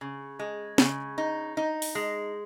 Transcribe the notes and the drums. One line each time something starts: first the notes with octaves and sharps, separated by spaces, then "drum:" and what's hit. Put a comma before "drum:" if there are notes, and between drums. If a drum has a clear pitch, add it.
C#3
G#3
C#3, drum: snare
D#4
D#4
drum: open hi-hat
G#3